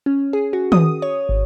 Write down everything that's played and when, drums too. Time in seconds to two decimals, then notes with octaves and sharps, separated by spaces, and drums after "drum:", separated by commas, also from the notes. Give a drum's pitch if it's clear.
0.06 C#4
0.33 G#4
0.53 F#4
0.72 D#6, drum: tom D#3
1.02 C#5
1.29 G#1